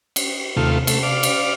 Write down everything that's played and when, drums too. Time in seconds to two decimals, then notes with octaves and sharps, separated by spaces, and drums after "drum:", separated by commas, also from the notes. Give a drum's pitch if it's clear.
0.16 drum: cymbal
0.57 D#2 C3 A3 F4
0.87 A3, drum: cymbal
1.03 D5 F5
1.23 drum: cymbal